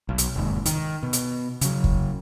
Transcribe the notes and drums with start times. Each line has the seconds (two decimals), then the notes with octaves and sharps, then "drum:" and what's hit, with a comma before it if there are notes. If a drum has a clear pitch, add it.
0.09 B1
0.18 drum: hi-hat
0.36 F1 D#2 G#2
0.66 D#3, drum: hi-hat
1.03 B2
1.13 drum: hi-hat
1.61 C#3 F#3, drum: hi-hat
1.84 drum: kick